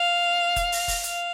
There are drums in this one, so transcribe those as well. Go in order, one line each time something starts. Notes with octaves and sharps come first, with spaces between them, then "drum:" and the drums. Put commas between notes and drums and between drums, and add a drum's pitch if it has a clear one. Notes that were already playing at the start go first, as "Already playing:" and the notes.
Already playing: F5
drum: kick F1, hi-hat
drum: open hi-hat
drum: kick F1, open hi-hat
F5, drum: hi-hat